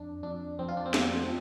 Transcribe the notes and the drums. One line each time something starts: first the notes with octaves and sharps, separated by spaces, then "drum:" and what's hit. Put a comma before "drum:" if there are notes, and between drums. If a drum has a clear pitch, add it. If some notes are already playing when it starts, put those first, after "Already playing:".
Already playing: F2 D4
F2 D4
F2 C4
F4
D4
C4
F3 A3, drum: snare
F3